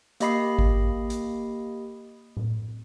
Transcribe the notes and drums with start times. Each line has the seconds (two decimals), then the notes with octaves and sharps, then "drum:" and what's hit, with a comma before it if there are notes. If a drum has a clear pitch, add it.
0.20 A#3 G4 D#5 B5 D#6 C7, drum: hi-hat
0.59 drum: kick G#1
1.10 drum: hi-hat
2.37 drum: tom A2